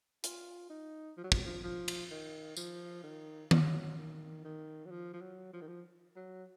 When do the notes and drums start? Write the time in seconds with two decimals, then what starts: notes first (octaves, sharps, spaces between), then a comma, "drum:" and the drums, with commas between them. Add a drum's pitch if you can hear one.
0.24 F4, drum: hi-hat
0.70 D#4
1.17 F3
1.24 F#3
1.32 F3, drum: kick
1.39 F#3
1.45 F3
1.63 F3
1.88 drum: cymbal
2.11 D#3
2.57 F3, drum: tambourine
3.03 D#3
3.51 F#3, drum: tom D#3
3.98 D#3
4.44 D#3
4.85 F#3
4.91 F3
5.13 F3
5.21 F#3
5.53 F3
5.61 D#3
5.67 F3
6.16 F#3